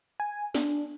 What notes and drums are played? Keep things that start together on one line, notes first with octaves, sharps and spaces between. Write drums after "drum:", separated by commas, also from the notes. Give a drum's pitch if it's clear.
G#5
D4, drum: snare